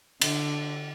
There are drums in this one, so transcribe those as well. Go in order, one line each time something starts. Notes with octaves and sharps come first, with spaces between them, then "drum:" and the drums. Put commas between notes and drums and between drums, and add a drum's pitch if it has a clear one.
D3, drum: cymbal